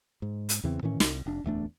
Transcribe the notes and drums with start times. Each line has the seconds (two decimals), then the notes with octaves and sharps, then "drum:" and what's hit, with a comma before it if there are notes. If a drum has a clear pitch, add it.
0.22 G#2
0.49 drum: hi-hat
0.63 E2 C#3 E3 C4
0.83 A2 D#3 E3 C#4
1.00 C2, drum: snare
1.26 F1 D4
1.44 D1 E2 A3 D4